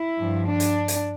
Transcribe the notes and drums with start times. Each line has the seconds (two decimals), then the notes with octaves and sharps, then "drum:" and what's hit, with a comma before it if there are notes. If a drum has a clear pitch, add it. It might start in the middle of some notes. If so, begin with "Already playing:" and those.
Already playing: E4
0.18 G2 F3
0.46 D4
0.60 drum: hi-hat
0.88 drum: hi-hat